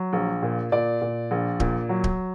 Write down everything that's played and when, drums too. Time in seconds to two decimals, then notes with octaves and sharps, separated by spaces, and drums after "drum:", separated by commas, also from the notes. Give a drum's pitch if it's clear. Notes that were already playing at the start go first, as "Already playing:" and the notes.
Already playing: F#3
0.13 A#1
0.42 A#2
0.72 A#2 D5
1.01 A#2
1.31 A#1
1.60 A#2, drum: kick D1
1.89 F#3
2.04 drum: kick D1